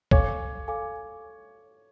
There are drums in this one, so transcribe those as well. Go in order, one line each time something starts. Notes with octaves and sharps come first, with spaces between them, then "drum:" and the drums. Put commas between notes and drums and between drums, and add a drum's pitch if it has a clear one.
A4 C#5 F5 G#5 D6, drum: kick C2
A4 F5 G#5 D6